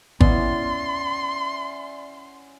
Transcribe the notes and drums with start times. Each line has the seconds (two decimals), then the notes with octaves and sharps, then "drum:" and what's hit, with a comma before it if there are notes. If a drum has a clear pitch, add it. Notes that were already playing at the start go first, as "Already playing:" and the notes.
0.20 B3 C#4 E4 D5 F#5 C6, drum: kick G#1